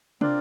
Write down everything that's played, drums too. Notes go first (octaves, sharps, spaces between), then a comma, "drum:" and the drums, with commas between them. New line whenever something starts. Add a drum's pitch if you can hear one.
C4 D4 F4 A#4 D5, drum: tom